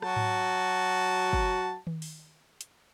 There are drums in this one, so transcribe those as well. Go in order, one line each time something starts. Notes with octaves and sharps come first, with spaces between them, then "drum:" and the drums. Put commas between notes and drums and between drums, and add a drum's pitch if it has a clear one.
F#3 F#4 A5, drum: rim click
drum: tom G#2
drum: kick
drum: tom D#3
drum: open hi-hat
drum: hi-hat